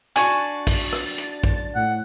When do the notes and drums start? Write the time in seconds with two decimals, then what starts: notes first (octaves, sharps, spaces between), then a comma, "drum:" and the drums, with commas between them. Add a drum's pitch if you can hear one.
0.16 D4 F#4 G#5 C#6 A6, drum: hi-hat
0.67 drum: kick, open hi-hat
0.92 drum: rim click
1.18 drum: hi-hat
1.44 drum: kick
1.75 A2 F#5